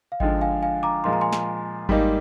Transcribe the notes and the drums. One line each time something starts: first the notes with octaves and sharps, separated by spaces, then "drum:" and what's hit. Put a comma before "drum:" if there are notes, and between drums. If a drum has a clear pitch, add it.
F5
D3 F3 G#3 D#5 G5, drum: kick G#1
F5 G#5
F5 G#5
A#5 D6
A#2 F3 G#3 C6
A#5
G#5 C6
drum: snare
G#2 G3 A#3 D#4, drum: kick G#1